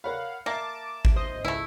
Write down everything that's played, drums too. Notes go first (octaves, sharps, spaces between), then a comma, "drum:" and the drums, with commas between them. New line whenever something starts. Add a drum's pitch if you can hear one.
A#4 C#5 F5 F#5 B5
A#3 E5 A5 D6 A#6
drum: kick G#1
C5 D#5
C#2 A3 E4